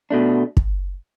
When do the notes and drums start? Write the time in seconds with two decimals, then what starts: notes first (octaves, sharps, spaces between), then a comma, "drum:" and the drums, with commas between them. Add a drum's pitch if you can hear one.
0.10 B2 A3 D4
0.57 drum: kick